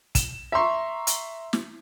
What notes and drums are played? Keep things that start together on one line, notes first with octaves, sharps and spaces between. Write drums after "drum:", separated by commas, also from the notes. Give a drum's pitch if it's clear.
E7, drum: kick, hi-hat
E5 A#5 C6 C#6
drum: hi-hat
drum: snare